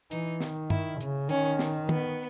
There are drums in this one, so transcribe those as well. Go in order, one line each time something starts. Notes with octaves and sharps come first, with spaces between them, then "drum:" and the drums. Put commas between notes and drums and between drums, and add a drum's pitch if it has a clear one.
E3 D#4, drum: hi-hat
D#3, drum: snare
E4, drum: tom G2
C#3, drum: hi-hat
D#3 C#4, drum: hi-hat
drum: snare
B3, drum: tom